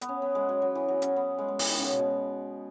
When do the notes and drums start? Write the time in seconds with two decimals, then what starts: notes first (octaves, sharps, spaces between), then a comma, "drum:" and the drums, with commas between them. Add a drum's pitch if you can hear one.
0.01 B3, drum: hi-hat
0.09 C#4
0.22 B3
0.35 G#3
0.49 F#3
0.62 F#3
0.75 E3
0.88 F#3
1.02 C#4, drum: hi-hat
1.16 B3
1.38 G#3
1.49 G#3
1.59 E3, drum: open hi-hat
1.69 D#3
1.78 C#3
1.89 B2
1.99 B2